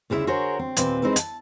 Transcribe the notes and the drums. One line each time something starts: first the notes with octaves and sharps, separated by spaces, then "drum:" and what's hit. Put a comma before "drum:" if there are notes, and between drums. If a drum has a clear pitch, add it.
D2 C#3 E4 A#4 E5
F#4 G#4 A#4 C5 C#5
C4
D#2 A#2 C4 B4, drum: hi-hat
G#3 C4 D#4 E4 B4
A5, drum: hi-hat